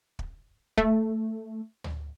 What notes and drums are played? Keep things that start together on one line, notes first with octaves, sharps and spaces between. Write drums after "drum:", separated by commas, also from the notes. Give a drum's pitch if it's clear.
drum: kick
A3, drum: kick
drum: tom D2